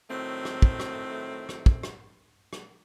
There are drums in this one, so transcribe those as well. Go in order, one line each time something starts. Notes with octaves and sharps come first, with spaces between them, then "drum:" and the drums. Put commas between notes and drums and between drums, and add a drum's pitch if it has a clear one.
A2 D#3 F#3 A3 C4
drum: rim click
drum: kick
drum: rim click
drum: rim click
drum: kick
drum: rim click
drum: rim click